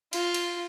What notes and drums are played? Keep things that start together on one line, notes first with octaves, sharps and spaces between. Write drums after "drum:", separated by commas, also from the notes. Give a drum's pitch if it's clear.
F4, drum: cymbal
drum: cymbal